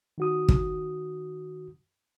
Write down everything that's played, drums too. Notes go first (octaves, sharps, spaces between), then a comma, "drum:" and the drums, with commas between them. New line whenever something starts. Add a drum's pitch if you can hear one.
D#3 F#4 D#6
drum: kick